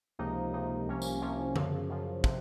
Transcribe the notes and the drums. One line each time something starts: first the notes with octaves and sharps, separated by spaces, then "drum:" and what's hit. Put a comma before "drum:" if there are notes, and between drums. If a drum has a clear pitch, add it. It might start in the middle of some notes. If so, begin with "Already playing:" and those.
C#2 C3 F3 A#3 D#4
C#2 C3 F3 A#3 D#4
C2 C3 F3 A#3 C#4
drum: tambourine
C2 C3 F3 A#3 C#4
F#2 C#3 F3, drum: tom D3
F#2 C#3 F3
C3 F3, drum: kick